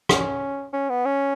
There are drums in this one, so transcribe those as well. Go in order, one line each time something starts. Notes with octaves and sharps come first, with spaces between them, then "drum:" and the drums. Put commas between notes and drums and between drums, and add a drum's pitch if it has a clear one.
C#4, drum: rim click
C#4
B3
C#4